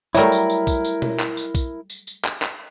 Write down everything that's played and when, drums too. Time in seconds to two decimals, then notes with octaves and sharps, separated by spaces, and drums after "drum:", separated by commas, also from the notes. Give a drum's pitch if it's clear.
0.15 F#3 G3 A3 E4 A#4, drum: tambourine
0.32 drum: tambourine
0.50 drum: tambourine
0.67 drum: kick, tambourine
0.85 drum: tambourine
1.02 drum: tom B2
1.20 drum: clap
1.37 drum: tambourine
1.55 drum: kick, tambourine
1.90 drum: tambourine
2.07 drum: tambourine
2.25 drum: clap
2.42 drum: clap